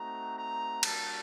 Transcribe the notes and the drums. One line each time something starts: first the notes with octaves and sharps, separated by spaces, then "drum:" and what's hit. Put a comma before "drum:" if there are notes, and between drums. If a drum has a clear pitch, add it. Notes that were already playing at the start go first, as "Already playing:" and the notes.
Already playing: A3 C4 D#4 F#4 A#5
A#5
G3 A#3 D4 F#4 A5, drum: cymbal